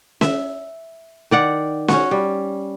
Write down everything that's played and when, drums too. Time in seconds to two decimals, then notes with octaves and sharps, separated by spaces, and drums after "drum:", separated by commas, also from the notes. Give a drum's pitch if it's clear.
0.21 E5, drum: snare C#4
1.31 D#3 D5 F#5
1.88 C#4 F#4, drum: snare C#4
2.11 G3